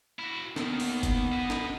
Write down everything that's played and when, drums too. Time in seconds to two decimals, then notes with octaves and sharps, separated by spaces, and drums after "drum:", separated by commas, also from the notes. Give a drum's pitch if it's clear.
0.19 E4 F#4
0.56 D#2 D#3 B3, drum: snare
0.80 drum: open hi-hat
1.03 drum: kick, hi-hat
1.32 B4 D#5
1.50 drum: snare